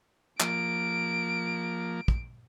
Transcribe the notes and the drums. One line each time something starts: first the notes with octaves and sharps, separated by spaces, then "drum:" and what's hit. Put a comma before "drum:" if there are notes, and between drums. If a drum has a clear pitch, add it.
F3 A#3 D7, drum: clap
drum: kick